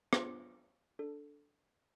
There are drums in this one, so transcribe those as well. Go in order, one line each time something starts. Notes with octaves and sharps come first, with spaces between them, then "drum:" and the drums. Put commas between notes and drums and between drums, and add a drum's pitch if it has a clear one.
B3 D4 F4 C5, drum: rim click
D4 A4